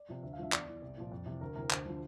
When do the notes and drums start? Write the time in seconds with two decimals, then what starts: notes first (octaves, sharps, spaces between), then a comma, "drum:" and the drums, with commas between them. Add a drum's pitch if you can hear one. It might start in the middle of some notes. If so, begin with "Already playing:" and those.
Already playing: D5
0.09 C3 F3
0.23 D2 E5
0.33 F5
0.38 D3 F3 E5
0.52 E2 D5, drum: clap
0.68 E3
0.82 C2
0.97 A#2 F3
1.12 F2
1.26 C3 E3
1.41 D2 A#4
1.56 C3 E3 A#4
1.71 D2 C5, drum: clap
1.85 D3 F3